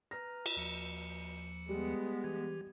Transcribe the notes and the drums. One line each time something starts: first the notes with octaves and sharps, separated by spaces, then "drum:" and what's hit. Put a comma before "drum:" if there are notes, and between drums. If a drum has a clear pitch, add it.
B4 A#5 F6 A#6
drum: cymbal
D#2 F3 C#7
G3 G#3 B3
E3 G4 G#6